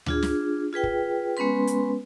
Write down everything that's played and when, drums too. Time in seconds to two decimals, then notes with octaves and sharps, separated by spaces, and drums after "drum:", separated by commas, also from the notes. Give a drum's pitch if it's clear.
0.06 D4 F4 G#4, drum: tom D2
0.22 drum: snare
0.73 F4 G#4 B4 G5
0.83 drum: kick
1.37 G#3 B3 C#4 B4 C6
1.67 drum: hi-hat